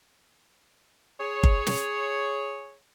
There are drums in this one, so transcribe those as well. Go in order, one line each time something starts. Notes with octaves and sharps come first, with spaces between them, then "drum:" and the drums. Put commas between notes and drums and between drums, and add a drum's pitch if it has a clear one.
G#4 C#5
drum: kick G1
drum: snare